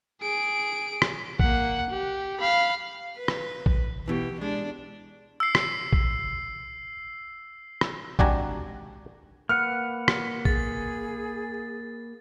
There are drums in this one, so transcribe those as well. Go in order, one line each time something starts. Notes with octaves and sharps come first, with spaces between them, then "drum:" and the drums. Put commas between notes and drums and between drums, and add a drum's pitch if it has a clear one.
G#4 D7
drum: rim click
A#3 F#5, drum: kick A#1
G4
F5 B5
B4
drum: rim click
drum: kick A#1
B2 E3 G4
G#3 D4
E6 C7
drum: rim click
drum: kick A#1
drum: rim click
G#1 D4 F#4 G4 G#5 A#5, drum: kick A#1
A#3 B4 F#5 F6
drum: rim click
G#4 A6, drum: kick A#1